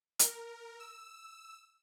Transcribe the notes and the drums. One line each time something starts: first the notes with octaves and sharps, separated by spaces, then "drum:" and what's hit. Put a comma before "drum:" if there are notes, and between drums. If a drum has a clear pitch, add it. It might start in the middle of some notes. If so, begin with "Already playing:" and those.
A#4, drum: hi-hat
E6